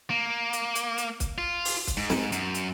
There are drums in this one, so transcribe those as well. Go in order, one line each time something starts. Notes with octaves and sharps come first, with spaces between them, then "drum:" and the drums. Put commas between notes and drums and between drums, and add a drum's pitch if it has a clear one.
A#3
drum: hi-hat
drum: hi-hat
drum: hi-hat
drum: kick, hi-hat
F4
drum: open hi-hat
drum: kick, hi-hat
G#2
drum: snare
F#2, drum: hi-hat
drum: hi-hat